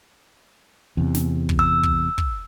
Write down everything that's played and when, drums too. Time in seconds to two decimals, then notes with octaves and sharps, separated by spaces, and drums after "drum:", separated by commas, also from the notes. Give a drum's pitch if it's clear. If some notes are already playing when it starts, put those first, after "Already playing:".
0.97 E2 C3
1.14 drum: snare
1.49 drum: kick
1.59 E6
1.83 drum: kick
2.18 drum: kick